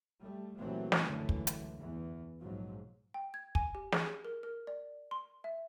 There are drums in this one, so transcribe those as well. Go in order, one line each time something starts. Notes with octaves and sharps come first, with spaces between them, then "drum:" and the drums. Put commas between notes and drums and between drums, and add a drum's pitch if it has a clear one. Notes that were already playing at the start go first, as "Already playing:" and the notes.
G3 A3
A#2 E3 F#3 G3 A3 C4
drum: snare
C#2 F#2 D3 E3 A3
drum: kick
drum: hi-hat
E2 E3
A#1 G#2 F3 F#3
G5
G#6
G#5, drum: kick
G4
G#4, drum: snare
A#4
A#4
D5
C6
E5